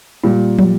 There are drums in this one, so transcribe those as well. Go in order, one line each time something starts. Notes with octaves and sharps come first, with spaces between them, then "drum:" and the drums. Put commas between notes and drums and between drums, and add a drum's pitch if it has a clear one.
A#2 G3
G3, drum: tom